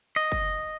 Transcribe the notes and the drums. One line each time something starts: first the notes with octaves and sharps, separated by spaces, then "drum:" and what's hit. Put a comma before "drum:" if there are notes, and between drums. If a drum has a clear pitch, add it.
D#5
drum: kick F#1